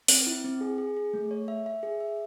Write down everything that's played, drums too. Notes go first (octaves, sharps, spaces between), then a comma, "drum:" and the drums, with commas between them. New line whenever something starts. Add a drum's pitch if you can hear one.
C4, drum: open hi-hat
E4
C4
G#4
G#4
G#4
A3
C#5
E5
E5
G#4
E5